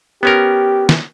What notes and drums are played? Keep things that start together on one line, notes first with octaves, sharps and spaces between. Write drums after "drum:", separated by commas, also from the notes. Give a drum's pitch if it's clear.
B3 C#4 G4 A#4
drum: snare